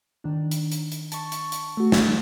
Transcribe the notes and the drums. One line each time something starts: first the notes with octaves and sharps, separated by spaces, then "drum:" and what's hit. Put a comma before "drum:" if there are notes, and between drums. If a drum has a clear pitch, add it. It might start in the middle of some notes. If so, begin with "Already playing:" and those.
D#3 D4
drum: hi-hat
drum: hi-hat
drum: hi-hat
A5 C#6, drum: hi-hat
drum: hi-hat
drum: hi-hat
A3 F#4
drum: snare